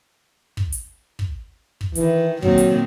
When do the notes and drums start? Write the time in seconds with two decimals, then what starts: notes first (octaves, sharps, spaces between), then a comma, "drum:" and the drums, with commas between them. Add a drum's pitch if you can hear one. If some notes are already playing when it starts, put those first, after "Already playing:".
0.57 drum: kick
0.73 drum: hi-hat
1.19 drum: kick
1.81 drum: kick
1.96 D#3 E3, drum: hi-hat
2.42 A#2 D#3 F#3 C4, drum: kick
2.58 drum: hi-hat